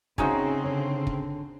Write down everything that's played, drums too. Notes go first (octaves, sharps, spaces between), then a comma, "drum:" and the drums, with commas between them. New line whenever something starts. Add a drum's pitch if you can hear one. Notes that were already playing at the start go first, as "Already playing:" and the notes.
C#3 C4 C#4 D#4 F#4 G#4 C#5 E5, drum: kick
D3 C#5
drum: kick